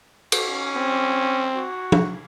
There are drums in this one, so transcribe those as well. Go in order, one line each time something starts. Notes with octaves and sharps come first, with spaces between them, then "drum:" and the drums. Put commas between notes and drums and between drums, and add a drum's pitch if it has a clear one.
drum: cymbal
C#4
C4
F#4
drum: tom